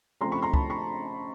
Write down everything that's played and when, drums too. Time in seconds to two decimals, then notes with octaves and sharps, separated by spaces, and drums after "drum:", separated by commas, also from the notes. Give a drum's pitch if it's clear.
0.21 C#3 F3 A3 C4 A#5 C6
0.32 B5 C#6
0.42 A#5 C6
0.54 A5 B5, drum: kick
0.70 B5 C#6